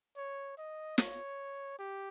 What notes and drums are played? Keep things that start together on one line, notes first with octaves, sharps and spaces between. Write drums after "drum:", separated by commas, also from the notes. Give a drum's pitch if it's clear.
C#5
D#5
C#5, drum: snare
G4